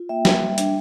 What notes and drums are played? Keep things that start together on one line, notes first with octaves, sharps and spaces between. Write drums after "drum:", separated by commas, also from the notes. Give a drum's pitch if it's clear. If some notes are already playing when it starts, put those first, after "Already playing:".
Already playing: F4
A#3 E5 G5
G3, drum: snare
G3
D4, drum: hi-hat